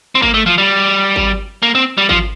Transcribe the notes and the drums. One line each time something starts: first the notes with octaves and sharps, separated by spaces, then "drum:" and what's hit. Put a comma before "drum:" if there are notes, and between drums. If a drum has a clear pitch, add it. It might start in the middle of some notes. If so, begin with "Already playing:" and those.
C4
A#3, drum: kick G#1
A3
F3
G3
drum: kick G#1
A#3
C4
G3
F3, drum: kick G#1